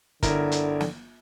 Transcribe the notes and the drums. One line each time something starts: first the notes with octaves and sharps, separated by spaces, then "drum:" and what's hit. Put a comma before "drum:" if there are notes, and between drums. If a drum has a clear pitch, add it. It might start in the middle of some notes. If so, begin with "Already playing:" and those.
G1 D3 E4 A#4, drum: kick, hi-hat
drum: hi-hat
drum: snare